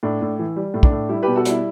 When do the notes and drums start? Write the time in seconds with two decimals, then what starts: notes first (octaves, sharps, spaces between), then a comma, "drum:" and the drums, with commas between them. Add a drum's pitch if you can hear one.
0.03 A2 D4
0.22 A2
0.39 E3
0.56 G3
0.74 A2
0.83 D4, drum: kick
0.91 A2
1.09 G3 E4
1.23 B2 G4 B4
1.36 F#4 A4
1.45 G3 E4, drum: hi-hat